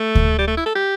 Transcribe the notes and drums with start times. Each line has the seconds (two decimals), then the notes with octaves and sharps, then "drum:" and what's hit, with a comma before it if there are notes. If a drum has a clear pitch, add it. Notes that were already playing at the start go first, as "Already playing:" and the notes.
Already playing: A3
0.15 drum: kick D2
0.38 G3
0.47 A3
0.57 E4
0.66 A4
0.75 G4